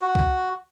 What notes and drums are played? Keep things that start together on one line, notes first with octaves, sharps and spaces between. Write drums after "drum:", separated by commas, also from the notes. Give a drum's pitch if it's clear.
F#4
drum: kick C2